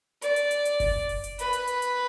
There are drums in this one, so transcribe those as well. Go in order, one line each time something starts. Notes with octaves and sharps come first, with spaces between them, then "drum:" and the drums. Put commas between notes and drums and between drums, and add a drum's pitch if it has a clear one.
D5, drum: hi-hat
drum: hi-hat
drum: hi-hat
drum: hi-hat
drum: kick F#1, open hi-hat
drum: open hi-hat
drum: hi-hat
B4, drum: hi-hat
drum: hi-hat
drum: hi-hat
drum: hi-hat